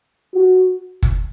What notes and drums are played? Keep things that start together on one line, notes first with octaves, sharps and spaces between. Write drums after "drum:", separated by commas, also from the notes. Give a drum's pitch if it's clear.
F#4
drum: kick F#1